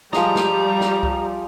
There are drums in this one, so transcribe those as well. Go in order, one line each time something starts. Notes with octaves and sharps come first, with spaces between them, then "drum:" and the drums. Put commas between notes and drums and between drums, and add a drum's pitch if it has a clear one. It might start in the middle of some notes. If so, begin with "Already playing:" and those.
F3 G3 G#3 D#5 A#5, drum: snare
drum: snare
drum: snare
drum: kick C2